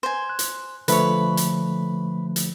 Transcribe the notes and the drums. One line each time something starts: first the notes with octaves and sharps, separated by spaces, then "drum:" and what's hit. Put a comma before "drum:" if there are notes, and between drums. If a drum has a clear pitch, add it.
C5 G#5
F#6
drum: hi-hat
D3 F3 A3 B4 C#5, drum: hi-hat
drum: hi-hat
drum: hi-hat